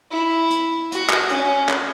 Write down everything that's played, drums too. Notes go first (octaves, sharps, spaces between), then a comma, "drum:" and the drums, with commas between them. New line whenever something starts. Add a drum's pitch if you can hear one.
E4
drum: hi-hat
F#4, drum: hi-hat
drum: clap
C#4, drum: hi-hat
drum: clap